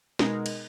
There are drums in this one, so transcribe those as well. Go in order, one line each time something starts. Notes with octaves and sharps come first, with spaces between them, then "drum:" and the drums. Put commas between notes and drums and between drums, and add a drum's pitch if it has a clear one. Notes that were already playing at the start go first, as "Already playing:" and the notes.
B2 G#3 D#4 A#4, drum: snare
drum: cymbal